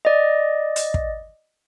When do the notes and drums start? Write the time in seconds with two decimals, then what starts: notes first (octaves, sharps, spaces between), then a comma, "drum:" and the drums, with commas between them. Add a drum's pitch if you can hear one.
0.05 D5 D#5
0.76 drum: hi-hat
0.94 drum: kick